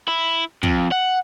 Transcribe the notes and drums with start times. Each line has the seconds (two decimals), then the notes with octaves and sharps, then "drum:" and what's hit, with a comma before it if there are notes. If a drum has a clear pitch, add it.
0.08 E4
0.63 F2, drum: kick
0.92 F#5